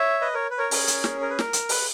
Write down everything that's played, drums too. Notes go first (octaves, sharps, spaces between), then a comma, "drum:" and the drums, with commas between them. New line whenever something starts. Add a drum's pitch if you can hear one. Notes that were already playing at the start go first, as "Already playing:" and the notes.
Already playing: C#5 E5
B4 D#5
A#4 C#5
B4
A#4 C#5
C#4 G#4, drum: open hi-hat
drum: hi-hat
drum: snare
A#4
B4
A#4, drum: snare
drum: hi-hat
B4, drum: open hi-hat